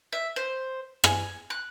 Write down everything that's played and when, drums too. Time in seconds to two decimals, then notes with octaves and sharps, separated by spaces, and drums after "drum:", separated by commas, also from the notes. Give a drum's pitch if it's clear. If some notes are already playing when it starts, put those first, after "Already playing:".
0.13 E5
0.36 C5
1.04 G#5, drum: rim click
1.50 F#6